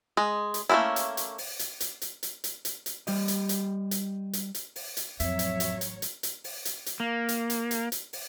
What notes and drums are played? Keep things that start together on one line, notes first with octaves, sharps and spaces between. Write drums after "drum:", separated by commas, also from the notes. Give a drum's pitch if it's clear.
G#3 D#5
drum: hi-hat
A3 A#3 C4 C#4 E4
drum: hi-hat
drum: hi-hat
drum: open hi-hat
drum: hi-hat
drum: hi-hat
drum: hi-hat
drum: hi-hat
drum: hi-hat
drum: hi-hat
drum: hi-hat
G3 G4 D#5, drum: open hi-hat
drum: hi-hat
drum: hi-hat
drum: hi-hat
drum: hi-hat
drum: hi-hat
drum: open hi-hat
drum: hi-hat
A1 F2 F#3 C#5 E5, drum: hi-hat
drum: hi-hat
drum: hi-hat
drum: hi-hat
drum: hi-hat
drum: hi-hat
drum: open hi-hat
drum: hi-hat
drum: hi-hat
A#3
drum: hi-hat
drum: hi-hat
drum: hi-hat
drum: hi-hat
drum: open hi-hat